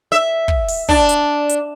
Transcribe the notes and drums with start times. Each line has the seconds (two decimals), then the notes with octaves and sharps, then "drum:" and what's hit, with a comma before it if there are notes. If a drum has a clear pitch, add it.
0.12 E5
0.48 drum: kick
0.68 drum: open hi-hat
0.89 D4, drum: kick
1.09 drum: hi-hat
1.49 drum: hi-hat